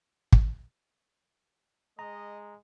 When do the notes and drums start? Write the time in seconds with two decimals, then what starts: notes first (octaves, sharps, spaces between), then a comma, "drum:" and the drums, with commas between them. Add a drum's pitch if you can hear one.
0.32 drum: kick
1.99 G#3 D#5 A#5